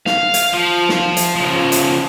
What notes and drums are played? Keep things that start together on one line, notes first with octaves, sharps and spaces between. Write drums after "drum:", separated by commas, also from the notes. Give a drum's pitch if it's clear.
F5, drum: snare
drum: hi-hat
F3
drum: snare
drum: hi-hat
C#3 F3
drum: hi-hat